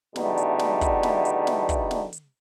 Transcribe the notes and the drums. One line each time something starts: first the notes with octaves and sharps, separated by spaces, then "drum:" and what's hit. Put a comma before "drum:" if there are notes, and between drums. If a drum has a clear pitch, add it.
E2 B2 D3 G3 A3 D#4, drum: snare
drum: hi-hat
drum: snare
drum: kick, hi-hat
drum: snare
drum: hi-hat
drum: snare
drum: kick, hi-hat
drum: snare
drum: hi-hat